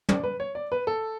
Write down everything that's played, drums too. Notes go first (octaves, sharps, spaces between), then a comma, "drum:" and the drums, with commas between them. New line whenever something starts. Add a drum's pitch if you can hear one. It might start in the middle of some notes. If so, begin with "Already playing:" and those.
D5, drum: tom
B4
C#5
D5
B4
A4